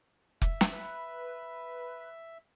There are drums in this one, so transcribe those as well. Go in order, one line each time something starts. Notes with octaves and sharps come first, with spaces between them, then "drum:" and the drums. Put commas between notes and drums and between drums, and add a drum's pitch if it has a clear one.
E5, drum: kick F1
drum: snare
B4